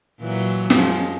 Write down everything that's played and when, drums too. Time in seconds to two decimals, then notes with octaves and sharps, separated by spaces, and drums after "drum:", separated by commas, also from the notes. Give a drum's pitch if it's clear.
0.20 A#2 E3 F#3
0.70 F#2 F3 G#3, drum: snare